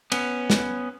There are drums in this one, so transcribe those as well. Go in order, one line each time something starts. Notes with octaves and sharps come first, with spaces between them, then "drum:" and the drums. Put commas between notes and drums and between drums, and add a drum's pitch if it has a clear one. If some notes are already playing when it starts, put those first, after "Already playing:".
B3 C#4, drum: cymbal
drum: snare